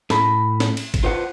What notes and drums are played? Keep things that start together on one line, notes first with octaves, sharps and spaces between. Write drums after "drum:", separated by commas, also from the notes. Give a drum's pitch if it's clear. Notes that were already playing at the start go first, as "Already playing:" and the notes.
A2 B5, drum: snare
drum: snare
drum: cymbal
drum: kick G#1, cymbal
F4 B4 C5 F#5